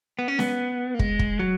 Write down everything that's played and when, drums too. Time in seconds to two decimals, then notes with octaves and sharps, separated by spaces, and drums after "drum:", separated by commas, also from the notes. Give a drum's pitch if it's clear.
0.19 B3
0.28 C#4
0.39 B3, drum: snare C#4
0.94 A#3
0.99 G#3, drum: kick
1.19 drum: kick
1.39 F#3